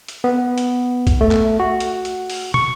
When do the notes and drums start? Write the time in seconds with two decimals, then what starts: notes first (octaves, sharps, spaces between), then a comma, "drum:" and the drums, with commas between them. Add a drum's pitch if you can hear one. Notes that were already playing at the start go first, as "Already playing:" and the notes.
0.08 drum: hi-hat
0.24 B3
0.58 drum: hi-hat
1.07 drum: kick B1, hi-hat
1.21 A3
1.31 drum: clap
1.60 F#4
1.80 drum: hi-hat
2.05 drum: hi-hat
2.30 drum: open hi-hat
2.54 C#6, drum: tom